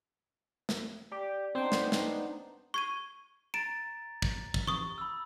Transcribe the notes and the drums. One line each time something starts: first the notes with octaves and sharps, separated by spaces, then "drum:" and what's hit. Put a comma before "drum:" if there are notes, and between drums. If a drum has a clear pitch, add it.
drum: snare
G4 D5
B3 C4 D4 D#4 C5 G5
drum: snare
drum: snare
C#6 G#6 D#7
A#5 A6 D7 E7
drum: kick
drum: kick
C#6 D#6, drum: tom E3
B5 E6